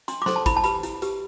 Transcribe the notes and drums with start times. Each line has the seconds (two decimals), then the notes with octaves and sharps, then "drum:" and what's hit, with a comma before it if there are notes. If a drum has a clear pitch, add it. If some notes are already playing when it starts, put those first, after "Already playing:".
0.08 D4 C6, drum: hi-hat
0.22 D6
0.26 A4 C5 C6, drum: snare
0.36 A5
0.46 E4 B5, drum: kick G#1, hi-hat
0.56 A5
0.64 G4 B4 B5, drum: hi-hat
0.83 E4, drum: hi-hat
1.02 G4 B4, drum: hi-hat